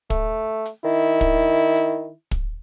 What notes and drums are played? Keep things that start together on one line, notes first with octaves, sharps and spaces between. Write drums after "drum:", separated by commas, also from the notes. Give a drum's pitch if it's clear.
A3, drum: kick, hi-hat
drum: hi-hat
D#3 E4
drum: kick, hi-hat
drum: hi-hat
drum: kick, hi-hat